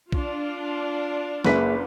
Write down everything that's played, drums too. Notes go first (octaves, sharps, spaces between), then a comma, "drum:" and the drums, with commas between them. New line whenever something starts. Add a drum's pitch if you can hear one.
D4 F4, drum: kick
F#1 A#3 G#4 B4 E5 B6, drum: snare